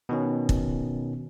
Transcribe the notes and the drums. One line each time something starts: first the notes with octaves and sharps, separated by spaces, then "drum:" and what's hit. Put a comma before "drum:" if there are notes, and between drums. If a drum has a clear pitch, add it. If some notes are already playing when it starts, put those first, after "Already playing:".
B2 D#3 C#4
drum: kick